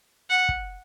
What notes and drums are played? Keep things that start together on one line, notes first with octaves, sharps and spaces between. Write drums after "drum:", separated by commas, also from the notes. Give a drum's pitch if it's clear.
F#5
drum: kick